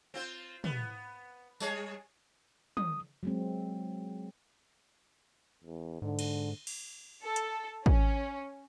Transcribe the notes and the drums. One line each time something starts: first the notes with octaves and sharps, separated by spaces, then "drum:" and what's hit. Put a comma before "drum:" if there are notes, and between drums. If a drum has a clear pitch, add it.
C4 F4 C5
B3, drum: tom
G3 G#4 C#5, drum: tambourine
D#6, drum: tom
F#3 G#3 C4
E2
G#2 D3
drum: cymbal
drum: cymbal
A4
drum: hi-hat
C#4, drum: kick